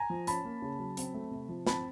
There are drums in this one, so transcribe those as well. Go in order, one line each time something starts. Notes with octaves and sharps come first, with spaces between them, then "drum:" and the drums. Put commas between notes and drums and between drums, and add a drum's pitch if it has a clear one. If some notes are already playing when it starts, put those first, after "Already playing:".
Already playing: G#5 A#5
F3
C#4 A5 B5, drum: hi-hat
A#3
C#3
F#3
C4, drum: hi-hat
A3
C3
F3
C4 A5 B5, drum: snare